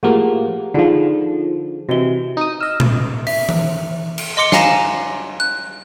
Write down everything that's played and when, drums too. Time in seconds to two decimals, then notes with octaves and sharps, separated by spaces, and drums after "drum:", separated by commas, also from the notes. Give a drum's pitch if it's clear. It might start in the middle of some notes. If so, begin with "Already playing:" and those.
0.03 A2 F3 A#3 G4 G#4 F#5
0.74 D3 F3 D#4 F4 G#4
1.89 C3 E3 F#4 D#5 G7
2.37 D#4 D#6
2.61 D#5 E6 F6
2.80 drum: tom A#2
3.27 E5, drum: open hi-hat
3.49 drum: tom E3
4.18 drum: cymbal
4.37 D#5 C6 D6 C#7 G7
4.52 F5 G#5 A#5 A#6 E7, drum: snare
5.40 F#6